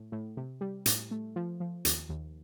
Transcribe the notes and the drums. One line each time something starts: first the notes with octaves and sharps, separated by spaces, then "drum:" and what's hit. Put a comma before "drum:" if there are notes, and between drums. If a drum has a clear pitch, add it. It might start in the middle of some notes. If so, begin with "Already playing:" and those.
Already playing: A2
A2
C3
G3
A2, drum: hi-hat
A3
F3
F3
D#2, drum: hi-hat
D#2